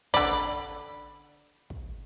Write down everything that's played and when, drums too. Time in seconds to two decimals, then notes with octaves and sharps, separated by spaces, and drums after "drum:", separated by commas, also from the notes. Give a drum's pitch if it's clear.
0.14 D3 D5 B5, drum: kick
1.70 drum: kick